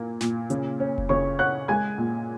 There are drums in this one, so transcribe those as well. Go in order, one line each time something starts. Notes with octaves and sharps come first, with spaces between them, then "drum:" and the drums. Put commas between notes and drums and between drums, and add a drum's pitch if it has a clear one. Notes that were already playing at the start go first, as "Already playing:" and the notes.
Already playing: A#2 A#3
A#2, drum: snare
C#3, drum: hi-hat
C#4
drum: kick F1
C#3 C#5 C#6
C#4 F#5 F#6
G#3 G#5 G#6
A#2